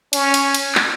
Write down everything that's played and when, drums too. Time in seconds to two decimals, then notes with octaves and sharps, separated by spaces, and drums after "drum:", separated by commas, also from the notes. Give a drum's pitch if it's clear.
0.13 C#4, drum: cymbal
0.34 drum: cymbal
0.54 drum: cymbal
0.75 drum: clap